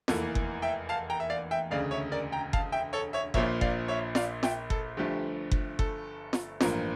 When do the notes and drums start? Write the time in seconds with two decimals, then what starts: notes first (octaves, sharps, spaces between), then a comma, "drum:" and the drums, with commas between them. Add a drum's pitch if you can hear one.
0.08 F1 E2 E3 A#3 A4, drum: snare
0.35 drum: kick F#1
0.62 E5 G5
0.89 F5 A5
1.10 G5 A#5
1.20 E5
1.30 D5 F5
1.51 E5 G5
1.71 E1 D2 C#3 D5 F5
1.91 C#5 E5
2.12 A#4 D5
2.32 G5 A#5
2.53 F5 A5, drum: kick F#1
2.72 E5 G5
2.93 A4 C#5
3.13 C#5 E5
3.34 A#1 A#2 F3 A#3 C#5 E5, drum: kick F#1
3.61 D5 F5, drum: kick F#1
3.88 C#5 E5
4.15 D5 F5, drum: snare
4.43 E5 G5, drum: snare
4.70 A4, drum: kick F#1
4.97 G1 G2 F3 A3 G4
5.51 drum: kick F#1
5.79 A4, drum: kick F#1
6.33 drum: snare
6.61 A1 G2 F3 A#3, drum: snare